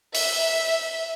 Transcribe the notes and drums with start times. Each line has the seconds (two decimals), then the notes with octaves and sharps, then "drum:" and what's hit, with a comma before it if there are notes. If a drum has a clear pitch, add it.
0.15 E5, drum: open hi-hat